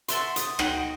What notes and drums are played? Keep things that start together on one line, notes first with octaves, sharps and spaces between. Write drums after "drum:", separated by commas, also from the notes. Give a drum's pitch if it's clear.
F#4 A4 E5 C6, drum: hi-hat
D#6, drum: hi-hat
D#4 F#4 G5, drum: rim click